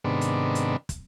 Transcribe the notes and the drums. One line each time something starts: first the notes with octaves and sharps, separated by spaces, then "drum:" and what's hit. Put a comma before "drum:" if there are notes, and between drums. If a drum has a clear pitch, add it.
G#2 C3 D#3 B3 D4
drum: hi-hat
drum: hi-hat
drum: kick, hi-hat